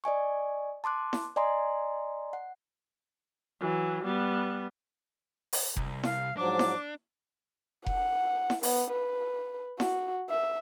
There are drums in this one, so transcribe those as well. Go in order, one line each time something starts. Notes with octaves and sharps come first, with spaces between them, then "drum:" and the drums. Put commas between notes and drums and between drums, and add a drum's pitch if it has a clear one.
D5 D#5 G#5 C#6
A5 C6 D6 F#6
drum: snare E4
D5 D#5 G#5 A#5 C6
F#5
E3 F#3
G3 B3
drum: open hi-hat
C2, drum: kick F1
F5, drum: snare E4
G#2 F3 F#3 D4 D6
drum: snare E4
F#5, drum: kick F1
drum: snare E4
B3, drum: open hi-hat
B4
F#4, drum: snare E4
E5